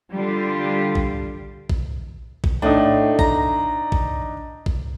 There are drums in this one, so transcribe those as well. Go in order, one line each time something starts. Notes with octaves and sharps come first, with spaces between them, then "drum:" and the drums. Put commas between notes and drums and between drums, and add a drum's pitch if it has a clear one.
D3 G3 D4 F4 G4
drum: kick A#1
drum: kick A#1
drum: kick A#1
A2 D4 D#4
A#5, drum: kick A#1
drum: kick A#1
drum: kick A#1